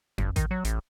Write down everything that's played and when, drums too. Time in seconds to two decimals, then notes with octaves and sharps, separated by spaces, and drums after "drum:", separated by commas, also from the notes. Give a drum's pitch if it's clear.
0.18 G1, drum: tom F2
0.36 D#3, drum: kick A1, hi-hat
0.51 F#3
0.65 A1, drum: hi-hat